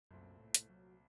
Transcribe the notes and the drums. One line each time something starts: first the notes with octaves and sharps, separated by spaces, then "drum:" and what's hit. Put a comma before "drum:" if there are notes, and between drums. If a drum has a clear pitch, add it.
C2 F#2 A#2 A3 C4
A2
drum: hi-hat
F#3